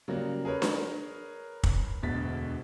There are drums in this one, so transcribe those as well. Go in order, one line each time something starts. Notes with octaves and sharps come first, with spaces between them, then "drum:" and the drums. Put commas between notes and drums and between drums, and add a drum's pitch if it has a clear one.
C#3 F#3 G3 A#3
G#4 A#4 B4 C#5
drum: snare D4
drum: kick
E1 D2 B2 A6 B6